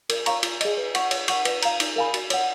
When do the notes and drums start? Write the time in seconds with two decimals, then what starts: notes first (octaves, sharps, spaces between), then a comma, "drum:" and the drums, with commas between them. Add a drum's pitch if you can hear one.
0.09 A#4, drum: cymbal
0.26 C#5 F5 A#5 C#6, drum: cymbal
0.43 F4, drum: cymbal
0.61 G#4 D#5, drum: cymbal
0.77 B4
0.95 F#5 C#6, drum: cymbal
1.11 C#5, drum: cymbal
1.28 F#5 C#6, drum: cymbal
1.45 B4, drum: cymbal
1.62 F5 A#5, drum: cymbal
1.80 D#4, drum: cymbal
1.96 A#4 F5 G#5 B5
2.14 F#4, drum: cymbal
2.30 C#5 F#5, drum: cymbal